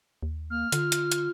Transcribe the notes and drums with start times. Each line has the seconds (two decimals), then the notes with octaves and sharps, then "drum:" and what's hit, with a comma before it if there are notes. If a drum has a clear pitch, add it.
0.23 D#2
0.50 A#3 F6
0.72 D3 F4, drum: hi-hat
0.92 drum: hi-hat
1.12 drum: hi-hat